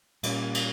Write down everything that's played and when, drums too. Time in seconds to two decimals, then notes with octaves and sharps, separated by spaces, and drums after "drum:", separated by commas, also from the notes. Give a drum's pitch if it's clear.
0.23 A#2 G3 A#3 C#4, drum: cymbal
0.54 drum: cymbal